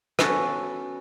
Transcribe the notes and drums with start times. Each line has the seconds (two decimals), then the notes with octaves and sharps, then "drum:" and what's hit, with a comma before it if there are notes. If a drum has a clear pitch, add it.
0.19 B3 C#4 F#4 A4 B4, drum: rim click